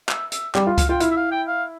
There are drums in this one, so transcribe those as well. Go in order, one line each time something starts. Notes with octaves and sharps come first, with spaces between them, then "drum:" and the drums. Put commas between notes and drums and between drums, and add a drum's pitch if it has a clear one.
E5, drum: clap
E5, drum: hi-hat
G3 G4 D5, drum: clap
F4
F5, drum: kick C#2, hi-hat
F4 G5
E4 F5, drum: hi-hat
E5
F5
G5
F5